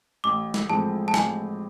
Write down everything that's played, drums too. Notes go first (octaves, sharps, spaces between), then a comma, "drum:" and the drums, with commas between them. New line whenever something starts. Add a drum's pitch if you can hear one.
A1 D6
drum: snare
A2 F3 G#3 C4 A5
A5
A1 G#5, drum: snare